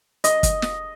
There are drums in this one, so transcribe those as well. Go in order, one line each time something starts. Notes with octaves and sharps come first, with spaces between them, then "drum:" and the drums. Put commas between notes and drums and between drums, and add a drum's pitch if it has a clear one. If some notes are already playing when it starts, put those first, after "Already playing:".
D#5, drum: hi-hat
drum: kick, hi-hat
drum: snare